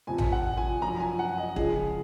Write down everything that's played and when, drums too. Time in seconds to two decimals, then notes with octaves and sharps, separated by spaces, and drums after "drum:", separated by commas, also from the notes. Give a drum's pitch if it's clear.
0.07 F2 C3 F3 G#5
0.18 drum: tom A1
0.32 F#5
0.57 G#5
0.82 F#2 F3 A#5
1.00 G#5
1.19 F#5
1.38 D#5
1.56 C#2 C#3 F3 G#4, drum: kick